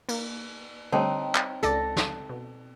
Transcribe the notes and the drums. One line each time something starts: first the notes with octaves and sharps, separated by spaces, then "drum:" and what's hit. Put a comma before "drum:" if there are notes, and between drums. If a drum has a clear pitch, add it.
A#3, drum: cymbal
D3 G3 A3 C4 D#4 C#5 G5 A5
drum: clap
C#2 A4 D5 A#6, drum: hi-hat
drum: snare
B2